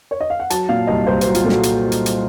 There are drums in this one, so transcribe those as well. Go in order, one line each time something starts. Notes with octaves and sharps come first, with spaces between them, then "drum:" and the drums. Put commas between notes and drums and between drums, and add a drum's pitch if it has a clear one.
C#5
D#5
F5
F#5
F#3 A5, drum: hi-hat
A#2 F5
C2 D#5
C2 C5
F#3 C5, drum: hi-hat
F4, drum: hi-hat
A#2 A4
F#4, drum: snare
drum: hi-hat
drum: hi-hat
drum: hi-hat